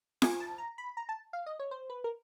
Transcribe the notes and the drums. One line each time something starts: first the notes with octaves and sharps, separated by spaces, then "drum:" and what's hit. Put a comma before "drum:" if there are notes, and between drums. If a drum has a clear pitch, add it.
G#5, drum: snare F4
A5
A#5
B5
A#5
A5
F5
D#5
C#5
C5
B4
A#4